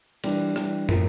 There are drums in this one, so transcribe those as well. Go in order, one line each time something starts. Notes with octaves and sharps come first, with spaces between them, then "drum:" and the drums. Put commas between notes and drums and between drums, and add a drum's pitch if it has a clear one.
E3 G3 D4, drum: cymbal
E3 G3 D4, drum: rim click
A2 F3 A#3, drum: tom